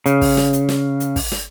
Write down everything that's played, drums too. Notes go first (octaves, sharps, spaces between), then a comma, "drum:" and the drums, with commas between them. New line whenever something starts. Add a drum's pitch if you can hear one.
C#3, drum: hi-hat
drum: kick, open hi-hat
drum: snare
drum: hi-hat
drum: snare
drum: hi-hat
drum: kick, open hi-hat
drum: snare